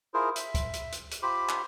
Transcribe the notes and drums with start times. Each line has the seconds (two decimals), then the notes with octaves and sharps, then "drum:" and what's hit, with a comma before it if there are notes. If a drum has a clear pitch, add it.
0.14 E4 F4 G#4 A#4 C5
0.36 E5, drum: hi-hat
0.55 drum: kick, hi-hat
0.73 drum: hi-hat
0.92 drum: hi-hat
1.11 drum: hi-hat
1.22 F4 G4 C5 B5 D6
1.49 drum: clap